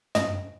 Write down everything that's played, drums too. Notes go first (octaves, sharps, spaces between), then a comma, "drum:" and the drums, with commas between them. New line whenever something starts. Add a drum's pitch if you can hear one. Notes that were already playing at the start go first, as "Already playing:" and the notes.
D#5, drum: tom